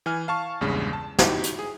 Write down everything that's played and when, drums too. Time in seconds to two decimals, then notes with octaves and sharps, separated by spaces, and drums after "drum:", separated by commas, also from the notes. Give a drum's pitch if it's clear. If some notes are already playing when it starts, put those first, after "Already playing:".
0.06 E3 G#5 F6
0.28 F5 A5 C#6
0.61 A#1 E2 G2 C#3 G#3
0.93 A5
1.19 D#4 E4 F#4 G4, drum: snare
1.43 drum: hi-hat
1.59 G#4